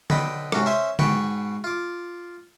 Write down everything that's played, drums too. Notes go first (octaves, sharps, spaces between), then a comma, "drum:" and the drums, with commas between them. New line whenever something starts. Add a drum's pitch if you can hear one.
B1 D3 B4 D#5 G5 B5, drum: tom D3
G#2 C3 C#4 F#4, drum: rim click
C#4 C5 E5 G#5 C6
G#2 B2 B4 G5 G#5 C#6, drum: tom D3
F4 D6